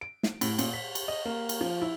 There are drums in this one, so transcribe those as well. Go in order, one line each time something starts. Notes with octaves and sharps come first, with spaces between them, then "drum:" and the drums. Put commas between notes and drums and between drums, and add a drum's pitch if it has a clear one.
D7
drum: snare
A2, drum: cymbal
A#2, drum: cymbal
B6
drum: cymbal
D#5
A#3
drum: cymbal
F3
E4